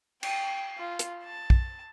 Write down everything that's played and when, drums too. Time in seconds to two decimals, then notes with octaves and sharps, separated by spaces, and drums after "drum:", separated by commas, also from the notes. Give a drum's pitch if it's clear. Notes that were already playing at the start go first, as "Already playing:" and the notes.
0.23 G5, drum: cymbal
0.78 F4
0.99 drum: hi-hat
1.24 A5
1.50 drum: kick